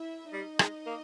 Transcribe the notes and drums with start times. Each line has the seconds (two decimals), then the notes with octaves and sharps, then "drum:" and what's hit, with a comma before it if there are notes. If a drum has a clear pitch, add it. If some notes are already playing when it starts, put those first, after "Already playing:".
Already playing: E4 E5
0.32 G3 D#4 D#5
0.59 G#3, drum: rim click
0.86 A#3